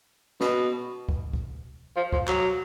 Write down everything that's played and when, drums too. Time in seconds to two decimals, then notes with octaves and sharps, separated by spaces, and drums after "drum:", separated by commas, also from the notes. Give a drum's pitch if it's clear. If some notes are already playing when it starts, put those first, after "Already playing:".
0.41 B2, drum: snare
1.09 drum: kick C#2
1.33 drum: kick C#2
1.96 F3
2.13 F3, drum: kick C#2
2.28 F#3, drum: clap